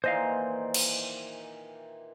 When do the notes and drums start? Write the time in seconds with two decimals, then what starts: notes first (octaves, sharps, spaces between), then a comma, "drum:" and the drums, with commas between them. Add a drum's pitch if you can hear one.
0.04 A#2 D#3 E3 C5 D#5 F5
0.74 drum: cymbal